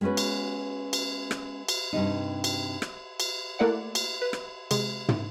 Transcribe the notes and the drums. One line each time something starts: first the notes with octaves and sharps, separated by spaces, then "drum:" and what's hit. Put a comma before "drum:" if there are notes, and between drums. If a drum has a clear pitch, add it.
G#3 B3 C#4 F#4 B4
drum: cymbal
drum: cymbal
drum: rim click
drum: cymbal
G2 C3 D#4
drum: cymbal
drum: rim click
drum: cymbal
A3 A#3 E4 D5 F#5
drum: cymbal
B4
drum: rim click
C3 G#3, drum: cymbal
drum: tom